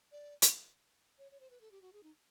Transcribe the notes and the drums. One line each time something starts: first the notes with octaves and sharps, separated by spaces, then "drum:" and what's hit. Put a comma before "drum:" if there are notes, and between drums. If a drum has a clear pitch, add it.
D5
drum: hi-hat
C#5
C#5
C5
B4
A4
G4
F#4
G#4
D#4